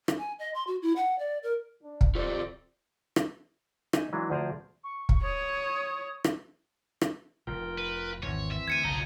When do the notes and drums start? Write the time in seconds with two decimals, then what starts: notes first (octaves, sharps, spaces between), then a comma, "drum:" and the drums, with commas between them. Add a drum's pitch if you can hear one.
0.08 drum: rim click
0.18 G#5
0.39 D#5
0.54 C6
0.67 F#4
0.82 E4
0.96 F#5
1.19 D5
1.43 A#4
1.82 D4
2.01 drum: kick
2.15 C3 F4 A4 C5 D5
3.16 drum: rim click
3.93 D#4 E5 G#5, drum: rim click
4.13 E3 F#3 G#3 D4
4.30 D2 F3 G#4 C5 D5 A#5
4.83 C#6
5.09 drum: kick
5.22 C#5 D#6
6.24 drum: rim click
7.01 drum: rim click
7.47 F1 F2 F4 A#4 G5
7.78 B4
8.23 G#1 E2 E3 C4 C#5
8.52 E5
8.68 D2 G#6 C#7 D#7
8.84 F#1 B1 F2 D#5 A5 A#5 G6